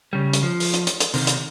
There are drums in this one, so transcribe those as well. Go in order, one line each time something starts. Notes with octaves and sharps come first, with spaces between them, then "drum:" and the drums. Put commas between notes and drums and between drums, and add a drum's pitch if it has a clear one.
C#3 G3
drum: hi-hat
F3
drum: open hi-hat
drum: hi-hat
drum: hi-hat
drum: hi-hat
C3 D#3, drum: open hi-hat
drum: hi-hat